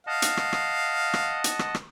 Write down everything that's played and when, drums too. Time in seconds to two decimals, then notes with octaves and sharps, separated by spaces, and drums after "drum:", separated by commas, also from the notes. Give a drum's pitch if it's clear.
0.07 D#5 F5 F#5 A5
0.22 drum: hi-hat
0.37 drum: rim click
0.53 drum: rim click
1.14 drum: rim click
1.44 drum: hi-hat
1.59 drum: rim click
1.75 drum: rim click